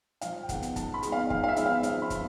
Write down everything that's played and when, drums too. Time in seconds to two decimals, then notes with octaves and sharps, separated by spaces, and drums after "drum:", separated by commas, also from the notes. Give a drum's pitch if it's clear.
0.21 F3 F5, drum: hi-hat
0.43 G5
0.49 G#3 B3 D#4 F#5, drum: kick, hi-hat
0.62 drum: hi-hat
0.76 F3 A5, drum: kick, hi-hat
0.94 B5
1.03 G#3 B3 D#4, drum: hi-hat
1.12 F5
1.30 F3 F5, drum: kick
1.44 F5
1.48 E5
1.56 G#3 B3 D#4, drum: hi-hat
1.66 F5
1.83 F3 F5, drum: hi-hat
2.02 B5
2.10 B3 D#4, drum: kick, hi-hat